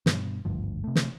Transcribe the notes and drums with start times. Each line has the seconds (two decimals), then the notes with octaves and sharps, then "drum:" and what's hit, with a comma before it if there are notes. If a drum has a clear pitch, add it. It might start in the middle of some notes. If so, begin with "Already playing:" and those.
0.06 G2 B2, drum: snare
0.45 G#1 D2 G2 F3
0.84 C3 A3
0.96 drum: snare